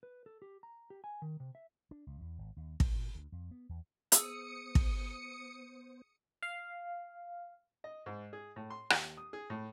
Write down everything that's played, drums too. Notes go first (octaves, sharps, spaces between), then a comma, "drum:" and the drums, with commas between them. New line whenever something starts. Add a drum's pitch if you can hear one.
B4
A4
G4
A#5
G4
G#5
D#3
C3
E5
D4
C#2
E2
G#1
D#2
B2, drum: kick
A#2
D2
F2
B3
E2
B3 G#4 C5 D#6 E6 C#7, drum: hi-hat
drum: kick
F5
D#5
G#2
G#4
A2
C6
D#2, drum: rim click
D#6
G#4
A2